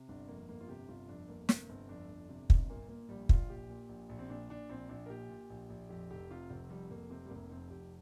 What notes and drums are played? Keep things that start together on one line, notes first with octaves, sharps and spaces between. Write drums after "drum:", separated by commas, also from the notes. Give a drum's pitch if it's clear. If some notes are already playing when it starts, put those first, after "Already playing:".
Already playing: C3
G1 D4
F2 A#3
G1 A#3
F4
C3 G4
G1 F4
F2 D4
G1 A#3
C3 A#3, drum: snare
G1 C4
F2 D4
G1
C3
G1, drum: kick
A#2 A#3
A#2 A#3
A#1 G3
A#1 F4, drum: kick
A#2 G4
A#2
A#1
A#1
C4
A#2 D4
A#2 D4
A#1 C4
A#1 D4
A#4
A#2 G4
A#2
A#1
A#1
F2 G4
F1 G4
C3 F4
F1 C4
F2 G3
F1 A#3
C3 C4
G3
F1 A#3
F2 C4
F1 G4